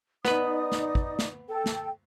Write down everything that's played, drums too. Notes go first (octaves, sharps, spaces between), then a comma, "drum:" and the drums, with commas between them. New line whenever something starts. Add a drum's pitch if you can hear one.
B3 D#4 B4 D5 D#6, drum: snare
drum: snare
drum: kick
drum: snare
A4 G5
drum: snare